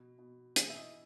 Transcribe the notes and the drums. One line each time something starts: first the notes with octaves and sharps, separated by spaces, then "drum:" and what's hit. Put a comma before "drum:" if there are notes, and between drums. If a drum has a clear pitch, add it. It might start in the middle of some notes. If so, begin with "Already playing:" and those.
Already playing: B2
B2
E3 G#4, drum: hi-hat
E5
D#5